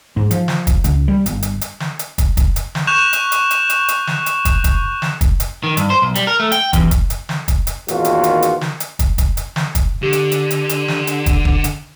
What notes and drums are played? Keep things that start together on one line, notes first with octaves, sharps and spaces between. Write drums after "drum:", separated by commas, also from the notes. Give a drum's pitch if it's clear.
G#2
F3, drum: hi-hat
drum: snare
drum: kick, hi-hat
C#2, drum: hi-hat
G3
G1, drum: hi-hat
drum: hi-hat
drum: hi-hat
drum: snare
drum: hi-hat
drum: kick, hi-hat
drum: kick, hi-hat
drum: hi-hat
drum: snare
C#6 F#6 G6 E7 F7
drum: hi-hat
drum: hi-hat
drum: hi-hat
drum: hi-hat
drum: hi-hat
drum: snare
drum: hi-hat
drum: kick, hi-hat
drum: kick, hi-hat
drum: snare
drum: kick, hi-hat
drum: hi-hat
D#3
G2, drum: hi-hat
C5
B1
G3, drum: hi-hat
A#4
A3
G5, drum: hi-hat
E2, drum: kick, hi-hat
drum: kick, hi-hat
drum: hi-hat
drum: snare
drum: kick, hi-hat
drum: hi-hat
G#1 E2 A#2 D#3 F4 F#4, drum: hi-hat
drum: hi-hat
drum: hi-hat
drum: hi-hat
drum: snare
drum: hi-hat
drum: kick, hi-hat
drum: kick, hi-hat
drum: hi-hat
drum: snare
drum: kick, hi-hat
D3 G4
drum: hi-hat
drum: hi-hat
drum: hi-hat
drum: hi-hat
drum: snare
drum: hi-hat
drum: kick, hi-hat
drum: kick
drum: hi-hat